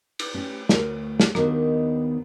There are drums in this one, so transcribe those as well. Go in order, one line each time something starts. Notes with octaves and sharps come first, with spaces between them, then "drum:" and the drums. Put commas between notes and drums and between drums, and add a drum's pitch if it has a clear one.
drum: cymbal
C#4 G4
D2 F#4 A#4 C#5, drum: snare
drum: snare
D#2 D#3 B3 D4 F#4 A#4, drum: rim click